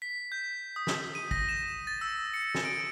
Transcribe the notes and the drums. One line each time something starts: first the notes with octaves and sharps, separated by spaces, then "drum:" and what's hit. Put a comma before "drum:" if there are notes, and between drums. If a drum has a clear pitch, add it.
B6
G6
D#6
drum: snare
D#7
A#6, drum: kick
E7
A6
E6
C#7
drum: snare
D7